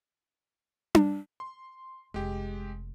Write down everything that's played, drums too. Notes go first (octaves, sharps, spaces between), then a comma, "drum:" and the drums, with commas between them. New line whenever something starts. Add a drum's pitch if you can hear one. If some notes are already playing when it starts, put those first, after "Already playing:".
drum: tom D4
C6
F1 G#3 G4